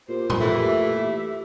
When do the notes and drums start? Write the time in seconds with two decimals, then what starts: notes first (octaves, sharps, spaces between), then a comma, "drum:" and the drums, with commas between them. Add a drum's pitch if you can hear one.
0.09 A#2 G4 C5
0.30 drum: tom
0.40 E3 A3 E5